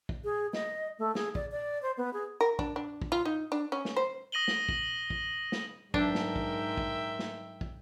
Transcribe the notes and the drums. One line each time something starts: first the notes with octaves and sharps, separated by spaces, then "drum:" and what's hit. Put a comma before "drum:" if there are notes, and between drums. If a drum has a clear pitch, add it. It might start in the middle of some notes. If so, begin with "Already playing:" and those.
drum: kick
G#4
D#5, drum: snare
A3
G#4, drum: snare
D5, drum: kick
D5
C5
B3
G#4
A#4
D4, drum: kick
D4
drum: kick
F4
D#4
D4
C#4
drum: snare
C5
D#6 A#6 D#7 F#7 G7
drum: snare
drum: kick
drum: kick
drum: snare
G#2 F#3 D4 A#4 E5 G5, drum: kick
drum: snare
drum: kick
drum: kick
drum: snare
drum: kick